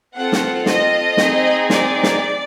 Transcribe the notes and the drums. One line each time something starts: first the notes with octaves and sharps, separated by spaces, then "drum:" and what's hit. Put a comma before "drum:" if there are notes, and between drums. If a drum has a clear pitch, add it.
C4 F4 A4 F#5
drum: snare
D#5, drum: snare
C4 D#4 G#4, drum: snare
D5, drum: snare
drum: snare